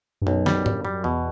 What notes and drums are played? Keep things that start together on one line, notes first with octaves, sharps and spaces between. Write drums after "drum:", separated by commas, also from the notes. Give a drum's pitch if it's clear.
G2
B1 F#2
G3, drum: snare
G1, drum: tom
G3
E2 B2